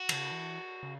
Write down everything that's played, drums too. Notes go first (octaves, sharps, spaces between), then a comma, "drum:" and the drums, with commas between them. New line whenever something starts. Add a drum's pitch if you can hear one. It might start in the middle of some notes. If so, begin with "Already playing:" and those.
Already playing: F#4
E3, drum: cymbal
C#3
E3
C#3